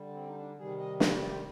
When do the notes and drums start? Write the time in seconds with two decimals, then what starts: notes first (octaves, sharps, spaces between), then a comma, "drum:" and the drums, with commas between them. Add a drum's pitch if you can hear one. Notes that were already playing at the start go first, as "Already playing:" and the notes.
Already playing: D3 G3
0.13 C4
0.26 D#4
0.35 D4
0.57 C3 D#3 G3 G#4
0.79 D#5
1.00 F5, drum: snare
1.22 D5
1.30 C5